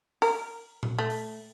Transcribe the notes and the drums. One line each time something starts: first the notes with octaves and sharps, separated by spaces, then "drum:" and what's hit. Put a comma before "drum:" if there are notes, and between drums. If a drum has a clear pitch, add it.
A#4, drum: open hi-hat
drum: tom A#2
A3
drum: open hi-hat